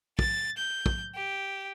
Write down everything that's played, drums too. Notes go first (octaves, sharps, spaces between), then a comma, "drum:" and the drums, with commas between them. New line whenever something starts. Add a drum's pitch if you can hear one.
A6, drum: kick
G6
drum: kick
G4